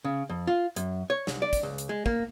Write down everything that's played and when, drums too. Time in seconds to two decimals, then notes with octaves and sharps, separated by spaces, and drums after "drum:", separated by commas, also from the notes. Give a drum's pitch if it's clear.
0.05 C#3
0.29 F2
0.47 F4
0.76 F#2, drum: hi-hat
1.10 C#5
1.27 C2, drum: snare
1.42 D5
1.53 drum: kick, hi-hat
1.63 C#2
1.78 drum: hi-hat
1.89 G#3
2.06 A#3, drum: kick